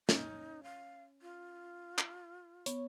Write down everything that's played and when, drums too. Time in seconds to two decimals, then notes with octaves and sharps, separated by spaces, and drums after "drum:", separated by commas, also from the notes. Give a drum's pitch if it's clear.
0.09 C#4 D#4, drum: snare
0.63 F5
1.22 F4
1.98 drum: clap
2.66 B3 C#5, drum: hi-hat